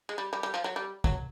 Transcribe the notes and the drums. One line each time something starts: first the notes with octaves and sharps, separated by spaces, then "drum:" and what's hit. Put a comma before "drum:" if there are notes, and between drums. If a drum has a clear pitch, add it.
G#3
G3
G3
G3
F3
F#3
G3
F#3, drum: kick